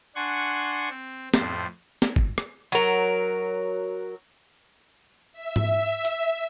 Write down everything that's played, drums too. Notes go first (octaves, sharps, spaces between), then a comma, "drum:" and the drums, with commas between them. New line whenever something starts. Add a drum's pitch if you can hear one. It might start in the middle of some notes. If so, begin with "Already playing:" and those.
D4 F#5 G#5 C6 C#6
C4
F2 A2 C5, drum: snare
drum: snare
drum: kick
drum: rim click
F#3 A#4
E5
drum: tom G#2
drum: hi-hat